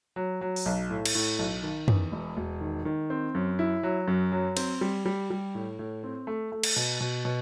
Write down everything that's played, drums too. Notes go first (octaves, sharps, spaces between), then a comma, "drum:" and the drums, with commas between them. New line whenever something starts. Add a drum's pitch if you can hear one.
F#3
F#3
drum: open hi-hat
B1
A2
drum: cymbal
A2
B1
D#3
E2, drum: tom
E1
E1
D#3
D#3
C4
F#2
E4
F#3
F#2
F#3
C4, drum: cymbal
G3
G3
G3
A2
A2
C4
A3
A3
drum: cymbal
B2
B2
B2